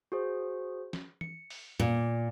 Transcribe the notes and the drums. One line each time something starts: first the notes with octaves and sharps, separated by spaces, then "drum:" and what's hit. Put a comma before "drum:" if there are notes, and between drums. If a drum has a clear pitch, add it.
F#4 G#4 C5
drum: snare
C#7, drum: tom
drum: open hi-hat
A#2, drum: tom